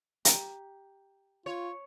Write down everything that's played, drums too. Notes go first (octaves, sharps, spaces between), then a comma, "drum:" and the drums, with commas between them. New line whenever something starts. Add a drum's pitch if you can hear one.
G4 A#5, drum: hi-hat
F4 C#5